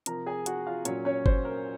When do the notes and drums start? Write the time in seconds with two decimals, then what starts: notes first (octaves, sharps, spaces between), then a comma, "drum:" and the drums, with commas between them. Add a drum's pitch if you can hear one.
0.06 C3 F3 A#4 A#5, drum: hi-hat
0.26 G#4 G#5
0.46 F#4 F#5, drum: hi-hat
0.67 F4 F5
0.85 A#2 F#3 C#4 C#5, drum: hi-hat
1.05 C#4 C#5
1.26 C5, drum: kick G1
1.45 A#4